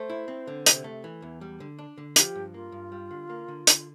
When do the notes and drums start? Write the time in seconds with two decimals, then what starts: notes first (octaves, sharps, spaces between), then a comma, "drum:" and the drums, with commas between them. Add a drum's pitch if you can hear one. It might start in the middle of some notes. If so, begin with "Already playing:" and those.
Already playing: A3 C5
0.10 E4
0.28 C4
0.47 D3
0.66 C3, drum: hi-hat
0.84 A3
1.04 E3
1.22 E2
1.41 G3
1.60 D3
1.79 D4
1.98 D3
2.16 F3 G4, drum: hi-hat
2.35 G2
2.54 A#3 F4
2.72 G2
2.92 G3
3.11 D3
3.30 A#3
3.48 D3
3.67 D3, drum: hi-hat